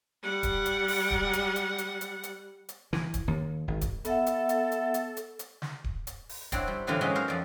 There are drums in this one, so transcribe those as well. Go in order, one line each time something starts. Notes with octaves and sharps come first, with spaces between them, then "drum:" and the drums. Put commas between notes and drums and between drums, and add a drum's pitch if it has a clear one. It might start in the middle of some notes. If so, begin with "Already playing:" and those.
G3 F#5
drum: kick D1, hi-hat
drum: hi-hat
drum: open hi-hat
drum: kick D1
drum: hi-hat
drum: hi-hat
drum: hi-hat
drum: hi-hat
drum: hi-hat
drum: hi-hat
E3, drum: snare
drum: kick D1, hi-hat
D#2
G#1
drum: kick D1, hi-hat
B3 A4 E5 F#5, drum: hi-hat
drum: hi-hat
drum: hi-hat
drum: hi-hat
drum: hi-hat
drum: hi-hat
drum: hi-hat
drum: snare
drum: kick D1
drum: hi-hat
drum: open hi-hat
C4 D4 E4 C#5 F#5, drum: kick D1, hi-hat
G3
A2 D3 E3 B3 C4 F4
F#3 G#3 B3 C#4 D#4 F#4
D#4 F#4 A#4 C5 F5
F2 D5